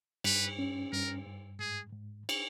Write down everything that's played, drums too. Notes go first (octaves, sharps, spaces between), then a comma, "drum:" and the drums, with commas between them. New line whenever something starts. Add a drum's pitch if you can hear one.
G2 B4, drum: cymbal
C#4
G2 A#4
G2
G#2 G#4
G#2
drum: cymbal